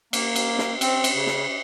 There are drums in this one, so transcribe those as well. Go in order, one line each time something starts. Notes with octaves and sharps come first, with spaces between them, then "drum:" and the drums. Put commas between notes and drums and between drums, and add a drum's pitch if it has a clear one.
A#3, drum: cymbal
drum: cymbal
drum: snare
C4, drum: cymbal
drum: cymbal
C#3
drum: snare